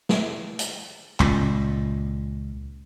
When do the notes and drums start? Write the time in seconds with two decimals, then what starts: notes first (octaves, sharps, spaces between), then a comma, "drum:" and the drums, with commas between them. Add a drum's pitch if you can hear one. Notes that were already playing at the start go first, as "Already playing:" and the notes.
0.09 drum: snare
0.59 drum: hi-hat
1.20 C#2 A#2, drum: clap